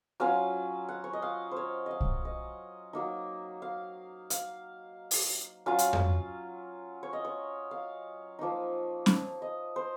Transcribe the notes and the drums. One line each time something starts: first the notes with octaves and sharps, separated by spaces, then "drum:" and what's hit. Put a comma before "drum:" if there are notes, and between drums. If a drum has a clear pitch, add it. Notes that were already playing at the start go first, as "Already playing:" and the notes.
F#3 C#4 F4 F5
F#5
C#5
D#5
F5
C5
C#5
D#5 F5
drum: kick
D#5
F#3 A#3 D#4
F5
F5, drum: hi-hat
drum: open hi-hat
F#3 C#4 F4 F5
drum: hi-hat
drum: tom F2
C#5
D#5
C#5
F5
F3 A#3 D#4
drum: snare
D#5
C5